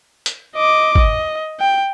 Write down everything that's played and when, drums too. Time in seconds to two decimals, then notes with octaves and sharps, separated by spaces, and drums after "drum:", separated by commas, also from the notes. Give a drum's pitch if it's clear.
0.26 drum: hi-hat
0.56 D#5 D6
0.95 D#5, drum: kick G#1
1.60 G5